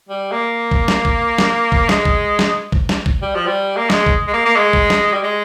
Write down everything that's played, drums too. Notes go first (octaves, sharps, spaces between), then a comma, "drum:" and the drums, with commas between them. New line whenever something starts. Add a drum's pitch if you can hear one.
G3
A#3
drum: kick
drum: snare
drum: kick
drum: snare
drum: kick
G#3, drum: snare
drum: kick
drum: snare
drum: kick
drum: snare
drum: kick
G3
F3
G3
A#3
G#3, drum: snare
drum: kick
G#3
A#3
A#3
G#3
drum: kick
drum: snare
G3
G#3